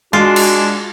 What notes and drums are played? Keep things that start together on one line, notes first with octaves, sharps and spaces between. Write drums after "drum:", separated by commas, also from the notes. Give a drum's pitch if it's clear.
G#3 D4 F4 F#4
drum: cymbal